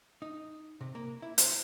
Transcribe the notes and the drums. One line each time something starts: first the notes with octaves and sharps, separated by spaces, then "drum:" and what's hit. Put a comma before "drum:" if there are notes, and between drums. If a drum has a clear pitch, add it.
D#4
C3
A#3
E4
C5, drum: hi-hat